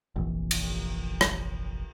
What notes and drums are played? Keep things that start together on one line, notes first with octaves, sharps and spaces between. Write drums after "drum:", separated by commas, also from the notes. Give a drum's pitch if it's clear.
F1 A#1 E3
drum: cymbal
drum: rim click